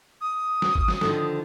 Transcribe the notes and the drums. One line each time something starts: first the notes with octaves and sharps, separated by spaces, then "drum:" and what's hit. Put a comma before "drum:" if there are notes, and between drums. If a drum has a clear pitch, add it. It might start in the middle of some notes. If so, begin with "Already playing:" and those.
D#6
drum: snare
drum: kick
drum: snare
D3 D#3 F3, drum: snare